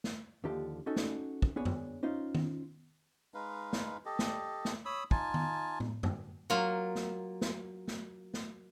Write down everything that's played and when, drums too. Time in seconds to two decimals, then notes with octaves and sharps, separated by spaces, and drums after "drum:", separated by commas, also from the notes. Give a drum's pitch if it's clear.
0.04 drum: snare
0.44 D#2 D3 F3 G4 A5
0.86 C#4 D#4 F#4 A4
0.96 drum: snare
1.42 drum: kick
1.56 B3 D4 G#4 C#5
1.65 drum: tom F#2
2.03 C#4 D#4 F4 C5
2.35 drum: tom D#3
3.34 G#3 D#4 B4 F5
3.73 drum: snare
4.05 G4 A4 D#5
4.19 drum: snare
4.65 drum: snare
4.85 C#5 B5 D#6 E6
5.11 D#4 F4 G#5 A5, drum: kick
5.34 drum: tom D#3
5.80 drum: tom A2
6.03 drum: tom F#2
6.50 F#3 A#3 F4
6.95 drum: snare
7.41 drum: snare
7.88 drum: snare
8.34 drum: snare